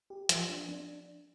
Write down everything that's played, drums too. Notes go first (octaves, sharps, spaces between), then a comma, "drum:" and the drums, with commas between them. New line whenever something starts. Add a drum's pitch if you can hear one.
G4
F3, drum: hi-hat
D4
D4